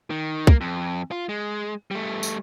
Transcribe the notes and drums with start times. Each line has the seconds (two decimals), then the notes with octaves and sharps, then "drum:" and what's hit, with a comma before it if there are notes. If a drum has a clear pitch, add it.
0.10 D#3
0.47 A#3, drum: kick
0.61 F2
1.11 F4
1.29 G#3
1.91 G3 A3
2.23 drum: tambourine